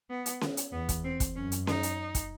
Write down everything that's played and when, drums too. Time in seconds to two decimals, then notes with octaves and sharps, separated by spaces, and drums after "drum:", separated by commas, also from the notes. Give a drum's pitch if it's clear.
0.10 B3
0.26 drum: hi-hat
0.41 drum: snare C#4
0.57 drum: hi-hat
0.72 E2 B3
0.89 drum: kick, hi-hat
1.04 C4
1.20 drum: kick, hi-hat
1.36 F#2 C#4
1.52 drum: hi-hat
1.67 D#4, drum: snare C#4
1.83 drum: hi-hat
2.15 drum: kick, hi-hat